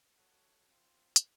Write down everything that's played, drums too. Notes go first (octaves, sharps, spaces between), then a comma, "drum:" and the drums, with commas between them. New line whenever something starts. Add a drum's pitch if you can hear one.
F#4 A4 C#5 F#5
C4 F4 C5
drum: hi-hat